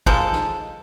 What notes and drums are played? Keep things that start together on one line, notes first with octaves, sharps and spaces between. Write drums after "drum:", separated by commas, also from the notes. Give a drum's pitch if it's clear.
F3 G#3 A#3 A4, drum: kick
drum: snare